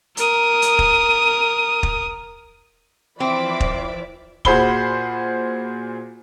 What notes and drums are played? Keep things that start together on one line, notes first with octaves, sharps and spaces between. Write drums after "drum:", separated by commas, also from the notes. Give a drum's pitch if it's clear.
A#4 D#6, drum: hi-hat
drum: hi-hat
drum: kick
drum: kick
E3 F3 C4 D5 E5 B5 D6
drum: kick
A#2 F#4 G#4 C5 B5 G7, drum: kick